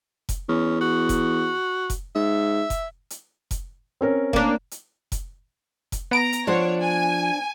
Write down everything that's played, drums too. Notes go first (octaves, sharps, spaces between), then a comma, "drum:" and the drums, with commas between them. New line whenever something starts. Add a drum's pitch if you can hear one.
drum: kick F1, hi-hat
E2 C#4
F#4
drum: kick F1, hi-hat
drum: kick F1, hi-hat
G#2 E5
drum: kick F1, hi-hat
drum: hi-hat
drum: kick F1, hi-hat
C4 C#4 A#4
A#3 D4, drum: kick F1
drum: hi-hat
drum: kick F1, hi-hat
drum: kick F1, hi-hat
B3 A#5 D7
drum: hi-hat
F3 D4 C5 C#5 F#5
G#5